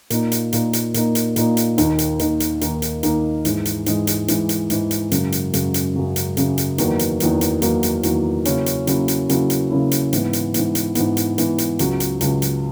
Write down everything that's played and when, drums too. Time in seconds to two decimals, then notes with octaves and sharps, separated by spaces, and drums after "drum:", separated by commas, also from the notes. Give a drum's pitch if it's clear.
0.10 A#2 A#3 D#4, drum: hi-hat
0.32 drum: hi-hat
0.53 A#2 A#3 D#4, drum: hi-hat
0.73 drum: hi-hat
0.94 A#2 A#3 D#4, drum: hi-hat
1.15 drum: hi-hat
1.36 A#2 A#3 D#4, drum: hi-hat
1.57 drum: hi-hat
1.78 D#2 D#3 A#3 D#4, drum: hi-hat
1.99 drum: hi-hat
2.19 D#2 D#3 A#3 D#4, drum: hi-hat
2.40 drum: hi-hat
2.61 D#2 D#3 A#3 D#4, drum: hi-hat
2.82 drum: hi-hat
3.03 D#2 D#3 A#3 D#4, drum: hi-hat
3.45 G#2 E3 G#3, drum: hi-hat
3.65 drum: hi-hat
3.86 G#2 E3 G#3, drum: hi-hat
4.07 drum: hi-hat
4.28 G#2 E3 G#3, drum: hi-hat
4.49 drum: hi-hat
4.70 G#2 E3 G#3, drum: hi-hat
4.91 drum: hi-hat
5.12 F#2 C#3 F#3, drum: hi-hat
5.32 drum: hi-hat
5.54 F#2 C#3 F#3, drum: hi-hat
5.74 drum: hi-hat
5.96 F#2 C#3 F#3
6.16 drum: hi-hat
6.37 F#2 C#3 F#3, drum: hi-hat
6.58 drum: hi-hat
6.78 E2 D#3 F#3 A#3, drum: hi-hat
6.99 drum: hi-hat
7.20 E2 D#3 F#3 A#3, drum: hi-hat
7.41 drum: hi-hat
7.62 E2 D#3 F#3 A#3, drum: hi-hat
7.83 drum: hi-hat
8.03 E2 D#3 F#3 A#3, drum: hi-hat
8.45 C#3 F#3 A#3 C#4 E4, drum: hi-hat
8.66 drum: hi-hat
8.87 C#3 F#3 A#3 C#4 E4, drum: hi-hat
9.08 drum: hi-hat
9.29 C#3 F#3 A#3 C#4 E4, drum: hi-hat
9.50 drum: hi-hat
9.70 C#3 F#3 A#3 C#4 E4
9.91 drum: hi-hat
10.13 G#2 E3 B3, drum: hi-hat
10.33 drum: hi-hat
10.54 G#2 E3 B3, drum: hi-hat
10.75 drum: hi-hat
10.95 G#2 E3 B3, drum: hi-hat
11.17 drum: hi-hat
11.38 G#2 E3 B3, drum: hi-hat
11.58 drum: hi-hat
11.79 C#2 C#3 F#3, drum: hi-hat
12.00 drum: hi-hat
12.21 C#2 C#3 F#3, drum: hi-hat
12.42 drum: hi-hat